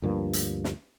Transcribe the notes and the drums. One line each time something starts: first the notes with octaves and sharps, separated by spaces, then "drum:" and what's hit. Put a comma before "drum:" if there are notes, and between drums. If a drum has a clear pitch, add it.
D2 G2 F3 A#3
drum: hi-hat
drum: snare